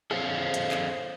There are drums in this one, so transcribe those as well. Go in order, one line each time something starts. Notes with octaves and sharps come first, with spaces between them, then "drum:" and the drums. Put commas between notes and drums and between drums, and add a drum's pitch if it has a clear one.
G#4 A4 C5 C#5 F5, drum: rim click
drum: hi-hat
drum: clap